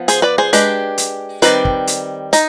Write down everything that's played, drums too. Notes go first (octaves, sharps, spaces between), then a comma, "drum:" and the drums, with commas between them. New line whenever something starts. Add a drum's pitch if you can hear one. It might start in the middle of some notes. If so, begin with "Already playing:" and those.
Already playing: F3 B3
G#4 C5, drum: hi-hat
B4 D5
G#4 C5
G#3 D4 G4 B4, drum: hi-hat
drum: hi-hat
D#3 G3 C4 B4 D5, drum: hi-hat
drum: kick
drum: hi-hat
D#4, drum: hi-hat